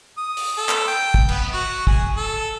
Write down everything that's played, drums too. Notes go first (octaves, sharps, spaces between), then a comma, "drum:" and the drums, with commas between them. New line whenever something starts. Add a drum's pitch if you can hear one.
D#6
drum: open hi-hat
A4
drum: clap
G5
drum: kick
B3, drum: cymbal
F#4
G#4, drum: kick
A4